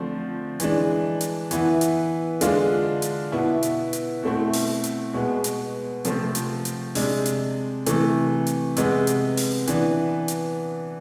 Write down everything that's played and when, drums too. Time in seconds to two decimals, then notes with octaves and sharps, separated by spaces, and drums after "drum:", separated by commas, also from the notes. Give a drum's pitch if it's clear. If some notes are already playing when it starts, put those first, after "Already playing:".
Already playing: D3 F3 A3 C4
0.60 E3 G#3 D4, drum: hi-hat
1.21 drum: hi-hat
1.51 E3 B3 E4, drum: hi-hat
1.81 drum: hi-hat
2.41 D3 G#3 D4 F4, drum: hi-hat
3.02 drum: hi-hat
3.32 B2 B3 E4
3.63 drum: hi-hat
3.93 drum: hi-hat
4.23 B2 A3 C4 E4
4.53 drum: open hi-hat
4.84 drum: hi-hat
5.13 B2 G#3 B3
5.44 drum: hi-hat
6.05 C3 F3 A3 C4, drum: hi-hat
6.35 drum: hi-hat
6.65 drum: hi-hat
6.95 C3 G#3 D4, drum: open hi-hat
7.26 drum: hi-hat
7.86 C3 E3 A3, drum: hi-hat
8.47 drum: hi-hat
8.77 C3 G#3 B3, drum: hi-hat
9.07 drum: hi-hat
9.37 drum: open hi-hat
9.67 E3 B3 D4, drum: hi-hat
10.28 drum: hi-hat